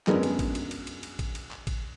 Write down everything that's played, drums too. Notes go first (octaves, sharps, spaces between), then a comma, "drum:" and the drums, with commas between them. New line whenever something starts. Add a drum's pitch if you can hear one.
G#1 F#2 G#3 B3 D4 A#4, drum: clap
drum: cymbal
drum: kick A1, cymbal
drum: cymbal
drum: cymbal
drum: cymbal
drum: cymbal
drum: kick A1, cymbal
drum: cymbal
drum: clap
drum: kick A1, cymbal